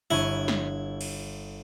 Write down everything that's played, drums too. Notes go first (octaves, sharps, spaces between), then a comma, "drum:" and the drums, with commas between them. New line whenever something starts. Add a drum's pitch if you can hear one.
G1 E4 C#5 D#7
drum: snare
drum: cymbal